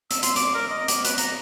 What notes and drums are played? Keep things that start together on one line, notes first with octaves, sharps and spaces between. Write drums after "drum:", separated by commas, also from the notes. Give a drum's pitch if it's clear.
E6, drum: hi-hat
C6, drum: hi-hat
D6, drum: hi-hat
A#4
D#5
D6, drum: hi-hat
B4, drum: hi-hat
A#5, drum: hi-hat